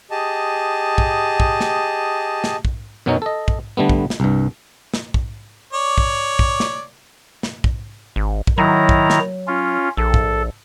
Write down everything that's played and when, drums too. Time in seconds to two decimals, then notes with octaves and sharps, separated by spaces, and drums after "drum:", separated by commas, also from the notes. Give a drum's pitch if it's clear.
0.11 G4 G#4 D#5 A5
0.98 drum: kick
1.40 drum: kick
1.61 drum: snare
2.44 drum: snare
2.65 drum: kick
3.06 F#2 B2 F#3 C#4 D#4
3.22 A4 D#5
3.48 drum: kick
3.77 D3 G3 A3 B3
3.89 drum: kick
4.10 drum: snare
4.20 C2 G2
4.94 drum: snare
5.14 drum: kick
5.73 C#5 D5
5.98 drum: kick
6.39 drum: kick
6.60 drum: snare
7.43 drum: snare
7.64 drum: kick
8.16 G#1
8.47 drum: kick
8.58 D#3 F#3 E4 A#5
8.89 drum: kick
9.10 drum: snare
9.48 C#4 F4
9.97 A#1 A4
10.14 drum: kick